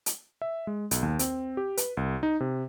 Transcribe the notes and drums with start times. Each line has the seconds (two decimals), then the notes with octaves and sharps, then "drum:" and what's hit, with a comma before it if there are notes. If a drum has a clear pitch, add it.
0.06 drum: hi-hat
0.42 E5
0.67 G#3
0.91 B1, drum: hi-hat
1.03 D#2
1.19 C4, drum: hi-hat
1.57 G4
1.77 B4, drum: hi-hat
1.97 C2
2.23 D#4
2.40 C3